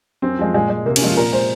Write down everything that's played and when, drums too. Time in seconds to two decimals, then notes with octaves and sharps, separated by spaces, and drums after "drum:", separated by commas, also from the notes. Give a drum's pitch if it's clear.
0.22 F#2 C4
0.39 F3 G#3
0.54 A#2 G#3
0.70 G#3
0.85 C3 A#3
0.96 C#4, drum: cymbal
1.02 F3 G#3 F4
1.17 A#2 A#4
1.32 G#3 C5